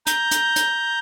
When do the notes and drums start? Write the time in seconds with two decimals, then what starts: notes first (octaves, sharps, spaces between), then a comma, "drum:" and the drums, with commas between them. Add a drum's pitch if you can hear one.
0.06 A#5 G6, drum: hi-hat
0.31 drum: hi-hat
0.56 drum: hi-hat